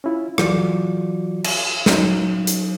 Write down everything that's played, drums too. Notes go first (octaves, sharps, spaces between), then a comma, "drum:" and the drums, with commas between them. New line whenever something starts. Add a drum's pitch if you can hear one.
C#4 E4 F4
E3 F#3 F4 F#4 D5, drum: rim click
E5, drum: cymbal
F#3 C#4 D#4, drum: snare
drum: hi-hat